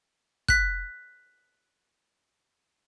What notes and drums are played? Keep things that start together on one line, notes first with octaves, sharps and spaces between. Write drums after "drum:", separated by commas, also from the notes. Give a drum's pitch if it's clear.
F#6 B6, drum: kick